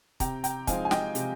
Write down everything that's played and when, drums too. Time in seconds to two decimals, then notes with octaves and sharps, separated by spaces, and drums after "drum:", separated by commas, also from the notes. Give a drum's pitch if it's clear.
0.20 C3 G5 A#5, drum: kick, hi-hat
0.44 G5 A#5, drum: hi-hat
0.67 F3 G#3 C4 D#4 F5 G#5, drum: kick, hi-hat
0.85 G#5
0.91 D#5 G5, drum: snare
1.15 C3, drum: hi-hat